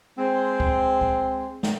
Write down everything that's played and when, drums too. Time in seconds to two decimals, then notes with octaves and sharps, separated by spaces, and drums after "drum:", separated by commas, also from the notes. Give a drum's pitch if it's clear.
0.19 G#3 C4
0.60 drum: kick C#2
1.01 drum: kick C#2
1.63 drum: snare